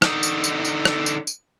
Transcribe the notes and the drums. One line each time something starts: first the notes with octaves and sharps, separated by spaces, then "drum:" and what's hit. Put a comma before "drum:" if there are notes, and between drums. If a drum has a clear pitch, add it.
D3 D#4, drum: rim click
drum: tambourine
drum: tambourine
drum: tambourine
drum: rim click
drum: tambourine
drum: tambourine